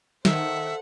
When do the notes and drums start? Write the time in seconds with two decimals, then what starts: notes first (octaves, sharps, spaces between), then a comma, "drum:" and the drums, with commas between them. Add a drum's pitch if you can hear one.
0.25 D#3 A4 C5 E5 F#5, drum: snare